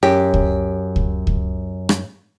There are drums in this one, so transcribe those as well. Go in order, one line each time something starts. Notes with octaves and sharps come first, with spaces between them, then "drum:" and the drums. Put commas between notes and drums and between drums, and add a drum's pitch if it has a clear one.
F#2 G4
drum: kick C#2
drum: kick C#2
drum: kick C#2
drum: rim click